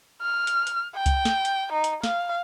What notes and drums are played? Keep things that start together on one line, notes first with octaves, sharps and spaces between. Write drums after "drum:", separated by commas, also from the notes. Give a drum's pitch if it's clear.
F6
drum: hi-hat
drum: hi-hat
G5
drum: kick C2, hi-hat
drum: snare
drum: hi-hat
D#4
drum: hi-hat
F5, drum: snare